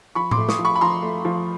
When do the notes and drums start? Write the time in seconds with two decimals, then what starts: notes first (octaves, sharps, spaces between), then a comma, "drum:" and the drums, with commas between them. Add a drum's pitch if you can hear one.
0.15 F3 B5 C#6
0.31 C6 D6, drum: tom A2
0.38 A3
0.49 C#6 D#6, drum: snare
0.59 F3
0.65 B5 C#6
0.75 B5
0.81 F3 A#5 C6
1.03 A3
1.25 F3